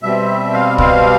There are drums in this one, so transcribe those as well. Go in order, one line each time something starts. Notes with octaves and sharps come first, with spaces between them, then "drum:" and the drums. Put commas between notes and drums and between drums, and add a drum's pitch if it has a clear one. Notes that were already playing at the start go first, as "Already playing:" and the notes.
B2 G3 C4 E5
F5
F5, drum: kick